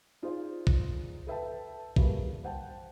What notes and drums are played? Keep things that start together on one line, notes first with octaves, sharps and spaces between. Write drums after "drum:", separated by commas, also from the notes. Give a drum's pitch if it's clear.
D#4 F4 G#4 C5 D5
drum: kick
A4 B4 E5 G5 A5
G3 A#3 F#4 G#4 B4 E5, drum: kick
C5 F#5 G5 A5